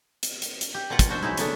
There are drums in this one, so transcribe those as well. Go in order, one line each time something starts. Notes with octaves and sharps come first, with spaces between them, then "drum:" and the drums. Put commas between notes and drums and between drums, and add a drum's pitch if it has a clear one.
drum: hi-hat
drum: hi-hat
drum: hi-hat
G4
B2 A#3 F4 F#5
drum: kick, hi-hat
B2 D4 F#4 C5 E5
F#3 G#3 D#4 E4
C#3 A3 B3 D4, drum: hi-hat